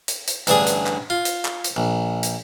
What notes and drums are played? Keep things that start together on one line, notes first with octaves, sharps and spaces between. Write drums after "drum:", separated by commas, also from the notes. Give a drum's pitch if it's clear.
drum: hi-hat
drum: hi-hat
A1 G2 D3 G#4, drum: hi-hat
drum: hi-hat
drum: clap
F4
drum: hi-hat
drum: clap
drum: hi-hat
A#1
drum: hi-hat